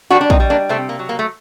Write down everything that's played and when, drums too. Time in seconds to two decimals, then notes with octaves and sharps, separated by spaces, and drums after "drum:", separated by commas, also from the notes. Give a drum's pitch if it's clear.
0.10 G3 D4 F#4
0.21 D4
0.30 C4 D#4, drum: kick
0.40 G3
0.50 A#3 D4
0.69 C3 A3 C4
0.89 A#3
0.99 F#3
1.09 A#3
1.19 A3